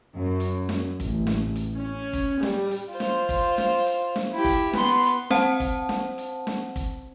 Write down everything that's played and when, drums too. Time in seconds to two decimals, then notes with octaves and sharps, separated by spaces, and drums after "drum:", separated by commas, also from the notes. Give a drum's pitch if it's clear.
0.17 F#2
0.40 drum: hi-hat
0.69 drum: snare
1.00 A1, drum: kick, hi-hat
1.27 drum: snare
1.56 drum: hi-hat
1.77 C#4
2.13 drum: kick, hi-hat
2.43 G3, drum: snare
2.71 drum: hi-hat
2.91 F4 C5
3.00 drum: snare
3.29 drum: kick, hi-hat
3.58 drum: snare
3.87 drum: hi-hat
4.16 drum: snare
4.33 E4 G4
4.45 drum: kick, hi-hat
4.73 B3 C6, drum: snare
5.02 drum: hi-hat
5.31 C4 C5 F#5 A5, drum: snare
5.60 drum: kick, hi-hat
5.89 drum: snare
6.18 drum: hi-hat
6.47 drum: snare
6.76 drum: kick, hi-hat